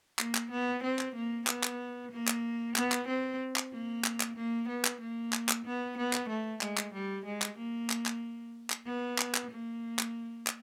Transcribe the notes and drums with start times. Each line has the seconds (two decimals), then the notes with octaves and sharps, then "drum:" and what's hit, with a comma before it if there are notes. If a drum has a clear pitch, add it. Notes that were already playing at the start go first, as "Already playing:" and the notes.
0.19 A#3, drum: clap
0.35 drum: clap
0.51 B3
0.83 C4
0.99 drum: clap
1.15 A#3
1.47 B3, drum: clap
1.63 drum: clap
2.12 A#3
2.27 drum: clap
2.76 B3, drum: clap
2.92 drum: clap
3.08 C4
3.56 drum: clap
3.72 A#3
4.04 drum: clap
4.20 drum: clap
4.36 A#3
4.68 B3
4.85 drum: clap
5.00 A#3
5.33 drum: clap
5.49 drum: clap
5.65 B3
5.97 B3
6.13 drum: clap
6.29 A3
6.61 G#3, drum: clap
6.77 drum: clap
6.93 G3
7.25 G#3
7.42 drum: clap
7.57 A#3
7.90 drum: clap
8.06 drum: clap
8.70 drum: clap
8.86 B3
9.18 drum: clap
9.34 drum: clap
9.50 A#3
9.99 drum: clap
10.47 drum: clap